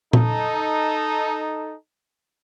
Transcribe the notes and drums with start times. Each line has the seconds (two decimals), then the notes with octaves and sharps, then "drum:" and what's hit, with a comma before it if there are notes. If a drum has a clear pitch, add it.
0.13 D#4 A4, drum: tom A#2